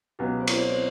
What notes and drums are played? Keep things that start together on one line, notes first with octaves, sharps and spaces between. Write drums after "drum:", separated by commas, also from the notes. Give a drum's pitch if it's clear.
C#2 B2 F#3 B3 G4
C5
C#5, drum: cymbal
C5
C#5
C5